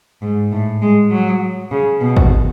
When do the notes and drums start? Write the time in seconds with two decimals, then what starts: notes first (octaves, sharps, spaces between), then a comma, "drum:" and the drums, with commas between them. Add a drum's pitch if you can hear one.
0.22 G#2
0.52 A2
0.82 G#3
1.11 F#3
1.71 C#3
2.01 B2
2.17 drum: kick